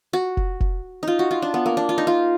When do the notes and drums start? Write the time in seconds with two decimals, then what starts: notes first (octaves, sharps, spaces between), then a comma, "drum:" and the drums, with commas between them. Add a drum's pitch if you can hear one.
0.13 F#4
0.37 drum: kick F1
0.60 drum: kick F1
1.03 D#4 F4
1.19 F#4
1.31 F4
1.42 D4
1.54 B3
1.66 A#3
1.77 D4
1.89 F4
1.98 D#4
2.07 F4